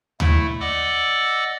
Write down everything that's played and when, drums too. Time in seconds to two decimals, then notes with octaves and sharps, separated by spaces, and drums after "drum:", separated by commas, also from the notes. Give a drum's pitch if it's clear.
0.20 A3 E4, drum: tom D2
0.60 D5 D#5 F#5 D6 E6